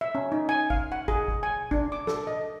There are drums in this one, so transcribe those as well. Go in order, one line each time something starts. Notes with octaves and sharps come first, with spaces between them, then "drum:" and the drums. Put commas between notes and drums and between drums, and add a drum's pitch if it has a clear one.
E5
C#4
D#4
G#5
F5, drum: kick
F#5
G#4, drum: kick
drum: kick
G#5
D4, drum: kick
D6
A4, drum: snare
D#5